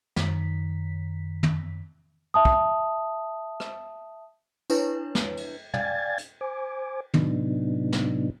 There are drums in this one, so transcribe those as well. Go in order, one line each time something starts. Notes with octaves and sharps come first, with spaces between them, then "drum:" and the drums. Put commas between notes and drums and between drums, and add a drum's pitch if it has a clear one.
F#2 D#3 B6, drum: snare
drum: tom
E5 A5 D#6
drum: kick
drum: rim click
D4 E4 B4 C#5, drum: tambourine
drum: snare
drum: cymbal
D5 F5 G5 G#5 G#6 A6, drum: tom
drum: hi-hat
C5 G#5 D6
A2 C3 F#3 B3 D4 D#4, drum: tom
drum: snare